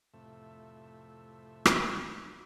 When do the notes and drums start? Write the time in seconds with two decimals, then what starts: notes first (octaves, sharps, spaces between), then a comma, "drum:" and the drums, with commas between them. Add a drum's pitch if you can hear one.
0.14 F2 A2 C3 A3 E5
1.65 drum: rim click